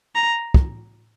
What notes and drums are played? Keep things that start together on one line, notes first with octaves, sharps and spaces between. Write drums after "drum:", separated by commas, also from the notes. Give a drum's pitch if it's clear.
A#5
drum: kick